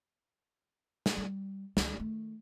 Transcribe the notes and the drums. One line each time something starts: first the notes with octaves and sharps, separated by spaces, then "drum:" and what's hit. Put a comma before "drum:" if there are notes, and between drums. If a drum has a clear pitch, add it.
drum: snare
G3
C#2 D3, drum: snare
D#3 A3